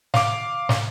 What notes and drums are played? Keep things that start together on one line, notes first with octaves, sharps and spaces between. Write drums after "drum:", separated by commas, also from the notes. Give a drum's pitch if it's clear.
F5 D6, drum: snare
drum: snare